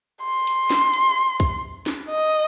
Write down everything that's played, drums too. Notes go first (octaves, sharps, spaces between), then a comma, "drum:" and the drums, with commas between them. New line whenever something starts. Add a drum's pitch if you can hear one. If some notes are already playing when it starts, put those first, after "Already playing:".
C6
drum: hi-hat
drum: snare
drum: hi-hat
drum: kick, hi-hat
drum: snare
D#5